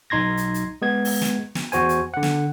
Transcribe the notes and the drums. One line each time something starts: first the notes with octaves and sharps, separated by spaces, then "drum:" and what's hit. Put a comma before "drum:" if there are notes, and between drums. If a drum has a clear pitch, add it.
B1 D#4 C6 G#6 A#6
drum: hi-hat
drum: hi-hat
G#3 B3 G#6
drum: open hi-hat
drum: snare
drum: snare
E2 F#4 C5 G#5, drum: hi-hat
drum: hi-hat
D3 F#5
drum: snare